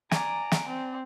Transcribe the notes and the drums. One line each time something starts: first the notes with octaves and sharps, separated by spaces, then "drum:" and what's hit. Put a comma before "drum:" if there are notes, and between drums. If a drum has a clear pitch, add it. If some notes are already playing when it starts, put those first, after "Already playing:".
D5 G#5 A#5, drum: snare
drum: snare
C4